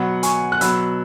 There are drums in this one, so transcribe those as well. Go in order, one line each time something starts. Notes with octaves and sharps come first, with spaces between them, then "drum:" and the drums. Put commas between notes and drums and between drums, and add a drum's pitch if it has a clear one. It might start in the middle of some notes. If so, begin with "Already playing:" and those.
Already playing: B2 F#3 F#5 B5
G#5 C#6, drum: hi-hat
F#6
B2 F#3 B5 E6, drum: hi-hat